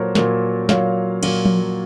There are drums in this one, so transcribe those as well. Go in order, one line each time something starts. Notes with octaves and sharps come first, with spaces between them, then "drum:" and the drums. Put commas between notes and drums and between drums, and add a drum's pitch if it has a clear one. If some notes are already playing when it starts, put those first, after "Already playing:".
Already playing: A#2 F#3 A#3 A4 A#4 C5 C#5
A#2 F#3 A#3, drum: snare
A#2 F#3 A#3 C#5 F5, drum: snare
A#2 F#3 A#3, drum: cymbal
drum: tom F3